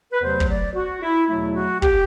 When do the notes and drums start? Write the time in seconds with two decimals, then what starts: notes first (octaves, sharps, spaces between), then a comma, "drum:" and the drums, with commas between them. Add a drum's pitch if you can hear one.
0.13 B4
0.22 E2 C3 F#3 A3 C5
0.40 drum: kick
0.49 D5
0.75 F#4
1.03 E4
1.29 E2 B2 F#3 A3 E4
1.55 F#4
1.82 G4, drum: kick